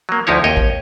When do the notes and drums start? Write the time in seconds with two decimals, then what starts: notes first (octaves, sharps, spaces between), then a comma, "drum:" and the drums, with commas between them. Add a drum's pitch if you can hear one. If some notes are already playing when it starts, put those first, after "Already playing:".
0.09 F#3 A#3
0.27 D2 F3 D#4 E4 C#5
0.44 D#2 C#5 D#5 G5
0.57 drum: kick